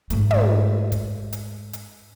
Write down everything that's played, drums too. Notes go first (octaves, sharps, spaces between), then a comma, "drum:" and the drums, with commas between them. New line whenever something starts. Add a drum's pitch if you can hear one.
G#2 A3, drum: hi-hat
drum: tom
drum: kick, hi-hat
drum: hi-hat
drum: hi-hat